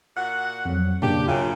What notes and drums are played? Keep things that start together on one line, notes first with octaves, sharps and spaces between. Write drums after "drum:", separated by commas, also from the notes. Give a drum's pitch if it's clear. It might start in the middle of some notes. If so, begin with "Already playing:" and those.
A#2 F#4 F#5
F2 F#3
C#3 A#3 D4 G4, drum: tom
F#2 C#3 F4 G5